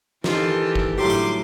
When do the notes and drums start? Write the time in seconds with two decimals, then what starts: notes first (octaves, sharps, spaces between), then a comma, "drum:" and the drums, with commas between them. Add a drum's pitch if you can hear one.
0.24 D#3 E3 F4 G4 A4, drum: snare
0.75 drum: kick G1
0.98 A2 D3 F#3 G3 G4 C6 D6
1.10 drum: hi-hat